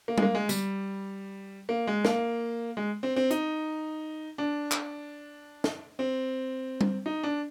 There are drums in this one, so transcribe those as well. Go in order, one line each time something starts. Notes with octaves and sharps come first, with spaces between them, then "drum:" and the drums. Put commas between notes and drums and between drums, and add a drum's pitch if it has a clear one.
A#3
G#3, drum: tom G3
A#3
G#3
G3, drum: tambourine
A#3
G#3
A#3, drum: snare
G#3
C4
C4
D#4, drum: hi-hat
D4
drum: clap
drum: snare
C4
drum: tom G3
D#4
D4